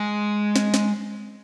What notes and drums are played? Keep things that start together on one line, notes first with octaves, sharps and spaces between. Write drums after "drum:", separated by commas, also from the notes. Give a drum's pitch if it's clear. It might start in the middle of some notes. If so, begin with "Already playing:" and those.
Already playing: G#3
drum: snare
drum: snare